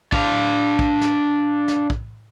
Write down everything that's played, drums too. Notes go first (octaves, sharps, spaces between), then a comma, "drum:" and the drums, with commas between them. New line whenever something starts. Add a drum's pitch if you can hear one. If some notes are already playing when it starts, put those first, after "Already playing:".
D4 F5, drum: kick
drum: kick
drum: snare
drum: snare
drum: kick